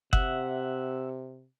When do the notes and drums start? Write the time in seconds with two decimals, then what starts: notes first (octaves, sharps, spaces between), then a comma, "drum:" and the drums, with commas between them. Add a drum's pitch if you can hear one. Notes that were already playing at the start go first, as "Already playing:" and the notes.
0.13 C3 E5 F#5, drum: kick F#1